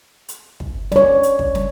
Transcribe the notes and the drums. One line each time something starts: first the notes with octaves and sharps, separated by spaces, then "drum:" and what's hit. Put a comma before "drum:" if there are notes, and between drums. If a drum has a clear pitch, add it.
drum: hi-hat
drum: kick
C#5 D5, drum: snare
drum: hi-hat
drum: kick
drum: snare